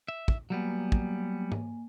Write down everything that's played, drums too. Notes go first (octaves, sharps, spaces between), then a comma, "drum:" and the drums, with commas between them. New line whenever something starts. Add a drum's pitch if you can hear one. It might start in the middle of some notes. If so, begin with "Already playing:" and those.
E5
drum: kick
F#3 G3 A#3 B3 G#5
drum: kick
drum: tom G#2